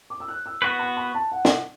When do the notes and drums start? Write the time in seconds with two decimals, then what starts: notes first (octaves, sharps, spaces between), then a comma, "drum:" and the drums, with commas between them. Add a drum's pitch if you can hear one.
0.10 D6
0.20 E6
0.28 F#6
0.46 E6
0.62 B3 F#4 B4 C#6
0.79 B5
0.97 B5
1.14 A5
1.32 F#5
1.45 drum: snare